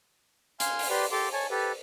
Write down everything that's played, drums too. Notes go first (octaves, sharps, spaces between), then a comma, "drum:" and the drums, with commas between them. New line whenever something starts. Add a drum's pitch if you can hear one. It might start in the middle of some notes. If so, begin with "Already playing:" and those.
F5 G#5 C6 F6, drum: hi-hat
drum: open hi-hat
G4 B4 D5 C6
G4 A4 C6 D6
C#5 G#5 A5
G4 A4 B4